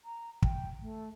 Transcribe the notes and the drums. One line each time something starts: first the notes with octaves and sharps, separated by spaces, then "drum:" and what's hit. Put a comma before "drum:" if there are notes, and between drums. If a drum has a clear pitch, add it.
A#5
G5, drum: kick
A3